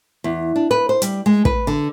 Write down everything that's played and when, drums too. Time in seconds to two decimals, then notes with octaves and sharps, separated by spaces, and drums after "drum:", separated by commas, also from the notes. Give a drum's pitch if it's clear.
0.24 E2
0.56 D4
0.71 B4
0.89 C5
1.02 G3, drum: hi-hat
1.26 G#3
1.45 B4, drum: kick
1.67 D3